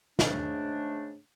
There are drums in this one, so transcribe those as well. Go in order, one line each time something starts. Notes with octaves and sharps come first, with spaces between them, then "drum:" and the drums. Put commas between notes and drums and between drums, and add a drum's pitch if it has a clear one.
G#2 C#3 A3 D4, drum: snare